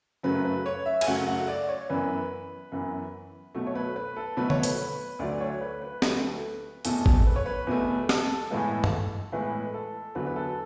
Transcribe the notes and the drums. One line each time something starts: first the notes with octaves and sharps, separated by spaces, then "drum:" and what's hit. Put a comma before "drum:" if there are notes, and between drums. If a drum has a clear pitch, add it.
F#2 C#3 F#3 A3 B4
B4
C#5
E5
G#5, drum: cymbal
F#2 C#3 F#3 A3 F#5
F#5
D5
C#5
F#2 E3 B3 B4
F#2 E3 B3
B2 F#3 A3
C#5
B4
B4
A4
B2 F#3 A3 B4
C#5, drum: tom D3
B4, drum: hi-hat
B4
D2 D3 F#3 A3 D5
C#5
B4
B4
D2 D3 F#3 A3, drum: snare
E2 B2 A3 A4, drum: hi-hat
drum: kick G#1
B4
C#5
B4
E2 B2 A3 B4
A4, drum: snare
A2 E3 G#3 B3
drum: tom G2
A2 E3 G#3 B3 B4
A4
E2 D3 F#3 B4
B4
A4